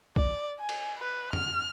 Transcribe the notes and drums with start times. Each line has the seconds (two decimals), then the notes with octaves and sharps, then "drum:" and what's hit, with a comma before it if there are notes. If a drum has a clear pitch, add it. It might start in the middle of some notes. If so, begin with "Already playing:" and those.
0.16 D5, drum: kick B1
0.59 G#5
0.69 drum: cymbal
0.98 B4
1.33 F6, drum: tom